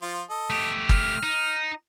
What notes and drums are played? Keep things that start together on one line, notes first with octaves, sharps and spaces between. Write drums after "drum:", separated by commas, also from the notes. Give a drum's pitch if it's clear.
F3 F4
A4 D#5
A3 G4
F6, drum: kick
D#4